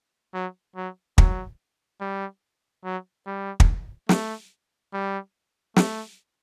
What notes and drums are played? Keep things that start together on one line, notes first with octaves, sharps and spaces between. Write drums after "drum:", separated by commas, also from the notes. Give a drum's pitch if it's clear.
F#3
F#3
F#3, drum: kick
G3
F#3
G3
drum: kick
A3, drum: snare
G3
A3, drum: snare